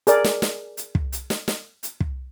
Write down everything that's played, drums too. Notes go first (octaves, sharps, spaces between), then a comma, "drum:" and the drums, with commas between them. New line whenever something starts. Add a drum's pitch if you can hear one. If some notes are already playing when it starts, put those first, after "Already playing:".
G#4 A#4 D5, drum: hi-hat
drum: snare
drum: snare
drum: hi-hat
drum: kick
drum: hi-hat
drum: snare
drum: snare
drum: hi-hat
drum: kick